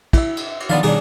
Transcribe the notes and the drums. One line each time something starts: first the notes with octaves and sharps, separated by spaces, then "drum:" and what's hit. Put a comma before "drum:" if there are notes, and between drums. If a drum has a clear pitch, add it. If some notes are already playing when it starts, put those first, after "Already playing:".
E4 E5, drum: kick, cymbal
drum: cymbal
drum: cymbal
D#3 F3 B3 D4 F5 A6
B2 D#3 G3 D4 G#4, drum: cymbal